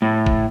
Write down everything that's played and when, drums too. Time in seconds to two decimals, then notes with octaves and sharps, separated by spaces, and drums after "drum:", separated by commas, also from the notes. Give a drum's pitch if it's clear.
0.02 A2
0.26 drum: kick